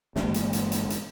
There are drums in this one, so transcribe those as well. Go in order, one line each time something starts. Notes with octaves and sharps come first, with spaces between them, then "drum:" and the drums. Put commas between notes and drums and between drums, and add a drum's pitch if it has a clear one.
G1 E3 G#3 A#3, drum: snare
drum: hi-hat
drum: hi-hat
drum: hi-hat
drum: hi-hat